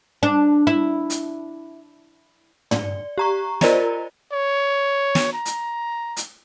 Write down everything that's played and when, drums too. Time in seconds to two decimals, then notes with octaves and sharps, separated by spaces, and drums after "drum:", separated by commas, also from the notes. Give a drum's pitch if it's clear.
0.23 D4
0.67 E4
1.10 drum: hi-hat
2.71 D5, drum: tom
3.18 G4 A#5 C#6
3.61 F4 A#4 C5 D5 D#5 A#5, drum: snare
4.33 C#5
5.15 drum: snare
5.33 A#5
5.45 drum: hi-hat
6.17 drum: hi-hat